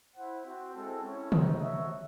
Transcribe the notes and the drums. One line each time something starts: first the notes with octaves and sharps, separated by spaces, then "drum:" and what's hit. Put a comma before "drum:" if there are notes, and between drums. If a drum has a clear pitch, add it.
E4 C5 F#5
C4 F#4 C5
G#3 C4 E4 A4
C#4 E4 A4 C#5
C4 D#4 F#4 C5 D#5, drum: tom
F#4 C#5 E5